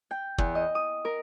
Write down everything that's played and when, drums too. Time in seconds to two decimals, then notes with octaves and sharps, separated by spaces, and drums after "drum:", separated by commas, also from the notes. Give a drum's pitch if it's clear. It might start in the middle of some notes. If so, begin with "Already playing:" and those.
0.11 G5
0.38 E2, drum: kick
0.55 D#5
0.75 D#6
1.05 A#4